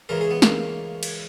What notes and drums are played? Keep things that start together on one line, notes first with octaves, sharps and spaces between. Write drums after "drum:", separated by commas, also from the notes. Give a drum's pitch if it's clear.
C#2 C#3 E3 A#4
G#4
B3
A#3, drum: snare
drum: cymbal